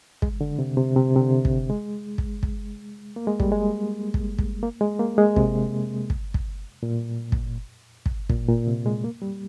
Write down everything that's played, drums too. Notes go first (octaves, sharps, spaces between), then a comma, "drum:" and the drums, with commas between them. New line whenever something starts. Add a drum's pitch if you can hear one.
G#3, drum: kick
D3
C3
C3
C3
C3
D3
drum: kick
G#3
drum: kick
drum: kick
A#3
G#3
G3, drum: kick
G#3
drum: kick
drum: kick
A#3
G#3
A#3
G#3
C3, drum: kick
drum: kick
drum: kick
A#2
drum: kick
drum: kick
A#2, drum: kick
A#2
C3
G#3
A#3
G3